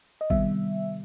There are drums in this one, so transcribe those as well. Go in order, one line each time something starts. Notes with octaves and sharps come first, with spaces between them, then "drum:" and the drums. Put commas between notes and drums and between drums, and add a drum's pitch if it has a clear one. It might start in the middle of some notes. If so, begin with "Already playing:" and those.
D#5
C3 D#3 G3 B3 E5, drum: kick